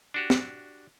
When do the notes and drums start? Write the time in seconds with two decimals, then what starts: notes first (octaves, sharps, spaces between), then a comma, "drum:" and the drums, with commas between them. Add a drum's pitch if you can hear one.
0.14 D4 F#4 G4
0.30 drum: snare